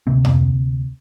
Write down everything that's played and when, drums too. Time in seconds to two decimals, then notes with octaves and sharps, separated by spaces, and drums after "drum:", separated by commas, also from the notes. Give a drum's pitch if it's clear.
0.07 D2 C3 A#3 C4
0.25 drum: tom F2